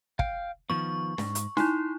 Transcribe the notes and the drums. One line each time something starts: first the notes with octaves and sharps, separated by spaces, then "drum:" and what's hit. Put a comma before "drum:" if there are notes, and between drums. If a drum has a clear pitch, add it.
F5 G5, drum: kick
D#3 F3 B3 C#6
G#2, drum: snare
drum: hi-hat
D#4 E4 C6, drum: snare